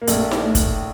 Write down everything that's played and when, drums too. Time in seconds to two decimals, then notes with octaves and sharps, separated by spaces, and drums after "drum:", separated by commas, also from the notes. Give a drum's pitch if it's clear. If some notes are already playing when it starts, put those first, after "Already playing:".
0.02 A#3
0.07 A#1 A3, drum: hi-hat
0.31 drum: snare D#4
0.44 A2
0.55 drum: kick, hi-hat